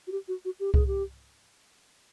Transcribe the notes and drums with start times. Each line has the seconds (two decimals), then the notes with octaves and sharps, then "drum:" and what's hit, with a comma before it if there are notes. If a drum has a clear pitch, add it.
0.07 F#4
0.12 G4
0.28 F#4
0.45 F#4
0.60 G4
0.74 G#4, drum: kick C2
0.87 G4